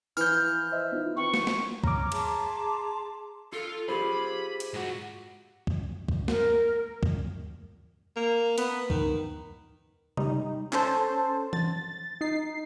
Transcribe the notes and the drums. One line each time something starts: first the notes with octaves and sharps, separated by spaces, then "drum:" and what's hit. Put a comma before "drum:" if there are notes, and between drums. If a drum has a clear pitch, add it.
E3 F3 F6 G6, drum: tambourine
C5 D#5 E5
B3 D#4 F4
C4 B4 C#6
drum: snare
drum: snare
C#5 A#5 D6 F6, drum: kick
G#4 A5 C6, drum: cymbal
F4 A4
F4 G4 G#4 C5 B5
drum: hi-hat
G#2 F#4
drum: kick
drum: kick
A#4, drum: snare
drum: kick
A#3
B3, drum: hi-hat
D#3, drum: kick
G3 D#4, drum: tom C3
C#4 A4 C5 A5, drum: clap
A6, drum: tom E3
D#4 C7